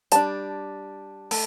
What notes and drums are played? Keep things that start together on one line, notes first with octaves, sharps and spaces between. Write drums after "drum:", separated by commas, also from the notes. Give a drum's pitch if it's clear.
G3 D4 A5, drum: hi-hat
A3, drum: open hi-hat